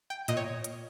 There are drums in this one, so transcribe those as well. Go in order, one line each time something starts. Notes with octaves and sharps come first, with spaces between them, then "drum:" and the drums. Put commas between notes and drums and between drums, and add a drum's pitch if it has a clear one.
G5
A#2 D#5, drum: hi-hat
C#5
drum: hi-hat